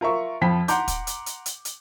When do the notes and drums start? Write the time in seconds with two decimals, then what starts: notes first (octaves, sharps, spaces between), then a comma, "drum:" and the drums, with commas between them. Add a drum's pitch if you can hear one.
0.01 F4 A#4 E5 C#6
0.41 F2 F3 G5 B5 B6
0.68 F#5 A#5 C6 D6 G6, drum: hi-hat
0.88 drum: kick, hi-hat
1.07 drum: hi-hat
1.26 drum: hi-hat
1.46 drum: hi-hat
1.65 drum: hi-hat